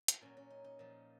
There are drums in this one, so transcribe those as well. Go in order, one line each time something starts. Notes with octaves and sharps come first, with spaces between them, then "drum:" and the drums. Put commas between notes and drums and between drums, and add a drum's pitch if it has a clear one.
drum: hi-hat
A#2 F#3 C#4
C#4
D#4
D#4
A#2 F3